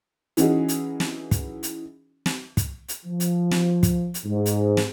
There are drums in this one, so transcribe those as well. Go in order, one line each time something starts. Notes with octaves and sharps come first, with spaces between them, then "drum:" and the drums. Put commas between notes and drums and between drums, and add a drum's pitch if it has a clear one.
E3 C#4 D#4 F#4 G#4, drum: hi-hat
drum: hi-hat
drum: snare
drum: kick, hi-hat
drum: hi-hat
drum: snare
drum: kick, hi-hat
drum: hi-hat
F3
drum: hi-hat
drum: snare
drum: kick, hi-hat
drum: hi-hat
G#2
drum: hi-hat
drum: snare